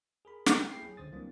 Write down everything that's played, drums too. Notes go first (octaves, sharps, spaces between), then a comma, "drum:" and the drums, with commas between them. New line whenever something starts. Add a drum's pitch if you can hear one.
G#4 A#4 B5
C4 G5, drum: snare
A#3 E4 G#4 G5 B5 C7
F#3 C#4 G#4
C#2 D3 C5 D#6 A6
E3 F#3 G3 A#3 C4 D4